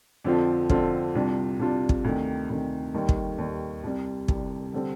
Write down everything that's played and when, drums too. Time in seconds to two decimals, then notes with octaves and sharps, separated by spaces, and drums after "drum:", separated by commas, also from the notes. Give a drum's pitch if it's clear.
0.24 F2 D3 F3 C4 F4
0.70 F2 D3 F3 C4 F4, drum: kick
1.15 C2 C3 G3 D4 F4
1.59 C2 C3 G3 D4 F4
1.89 drum: kick
2.04 D2 C3 D#3
2.49 D2 C3 D#3
2.94 D#2 D#3 G3
3.09 drum: kick
3.38 D#2 D#3 G3
3.83 C2 C3 G3
4.28 C2 C3 G3, drum: kick
4.74 D3 G3 C4